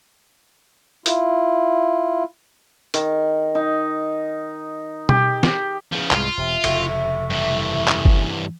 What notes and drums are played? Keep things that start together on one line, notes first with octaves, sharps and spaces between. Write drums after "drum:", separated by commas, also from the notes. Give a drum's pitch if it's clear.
E4 F4, drum: hi-hat
D#3, drum: hi-hat
D#4
G4, drum: tom B2
G4, drum: snare
E2 C#3 F3
C2 G#2 G#3 F4, drum: clap
E1 C3 E5
F1 C#3 A3, drum: cymbal
G2 E3
C#4, drum: clap
drum: kick